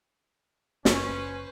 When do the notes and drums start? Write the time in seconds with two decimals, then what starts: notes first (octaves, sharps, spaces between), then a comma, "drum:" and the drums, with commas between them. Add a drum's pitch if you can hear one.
0.85 F#1 C#4 B4 C5, drum: snare